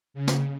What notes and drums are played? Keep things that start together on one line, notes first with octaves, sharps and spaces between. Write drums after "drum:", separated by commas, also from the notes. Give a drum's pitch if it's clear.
C#3
drum: snare